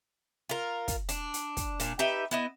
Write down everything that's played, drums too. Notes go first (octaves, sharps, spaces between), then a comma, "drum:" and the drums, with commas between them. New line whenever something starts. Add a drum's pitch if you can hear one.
F4 A#4
drum: kick, hi-hat
D4, drum: hi-hat
drum: hi-hat
drum: kick, hi-hat
A#2 D4, drum: hi-hat
D#4 G4 B4 E5
B3 E4 D#5